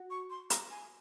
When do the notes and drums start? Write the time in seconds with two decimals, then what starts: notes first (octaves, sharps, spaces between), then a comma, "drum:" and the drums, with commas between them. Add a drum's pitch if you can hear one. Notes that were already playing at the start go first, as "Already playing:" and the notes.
Already playing: F#4
0.10 C#6
0.30 C6
0.50 A#5, drum: hi-hat
0.70 G#5